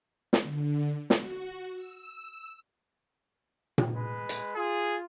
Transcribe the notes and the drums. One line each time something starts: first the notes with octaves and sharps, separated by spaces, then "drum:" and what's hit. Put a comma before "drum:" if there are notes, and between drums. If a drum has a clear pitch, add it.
drum: snare
D3
F#4, drum: snare
E6
drum: tom A#2
G#3 B4
drum: hi-hat
F4 G#4